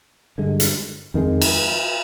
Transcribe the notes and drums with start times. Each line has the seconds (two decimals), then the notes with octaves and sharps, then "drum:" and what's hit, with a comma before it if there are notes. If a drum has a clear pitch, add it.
0.38 G2 D3 G#3
0.60 drum: hi-hat
1.14 F2 D#3 G#3
1.42 drum: cymbal